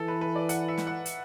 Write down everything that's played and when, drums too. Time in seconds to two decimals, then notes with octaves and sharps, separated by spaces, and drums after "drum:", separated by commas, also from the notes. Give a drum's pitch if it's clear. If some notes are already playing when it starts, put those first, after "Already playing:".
Already playing: E3 A4
0.08 B4
0.21 B4
0.36 D5
0.49 F#5, drum: hi-hat
0.68 E5
0.78 drum: snare
0.87 F#5
1.06 drum: hi-hat